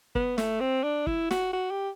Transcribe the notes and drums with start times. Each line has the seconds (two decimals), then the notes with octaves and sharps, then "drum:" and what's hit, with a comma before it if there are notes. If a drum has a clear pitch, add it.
0.15 B3, drum: kick
0.38 A3, drum: snare
0.61 C4
0.84 D4
1.07 E4, drum: kick
1.31 F#4, drum: snare
1.53 F#4
1.71 G4